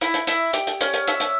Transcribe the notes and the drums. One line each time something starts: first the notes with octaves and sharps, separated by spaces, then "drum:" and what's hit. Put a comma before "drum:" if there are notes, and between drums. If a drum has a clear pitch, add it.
E4, drum: hi-hat
drum: hi-hat
E4, drum: hi-hat
G4, drum: hi-hat
drum: hi-hat
C#4, drum: hi-hat
drum: hi-hat
E5, drum: hi-hat
drum: hi-hat